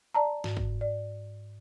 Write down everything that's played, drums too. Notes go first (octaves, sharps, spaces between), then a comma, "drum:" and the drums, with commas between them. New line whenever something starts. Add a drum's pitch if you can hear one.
D5 A5 A#5
G#2, drum: snare
drum: kick
D5